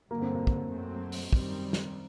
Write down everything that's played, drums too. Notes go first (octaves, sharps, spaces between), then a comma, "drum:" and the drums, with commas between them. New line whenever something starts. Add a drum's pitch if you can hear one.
G2 D3 F#3 A#3
C4
A#3
drum: kick
F#2 F#3 A3 C4
drum: open hi-hat
F#2 D#3 G3 C4, drum: kick
drum: snare